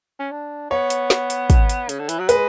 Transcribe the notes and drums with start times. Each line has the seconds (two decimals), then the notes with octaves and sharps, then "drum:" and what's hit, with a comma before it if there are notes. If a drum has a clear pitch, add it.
0.19 C#4
0.31 D4
0.71 B3 C#5
0.90 drum: hi-hat
1.10 drum: snare
1.30 drum: hi-hat
1.50 drum: kick, hi-hat
1.69 drum: hi-hat
1.89 C#3, drum: hi-hat
1.99 D3
2.09 E3, drum: hi-hat
2.19 F#3
2.29 G#3 B4, drum: hi-hat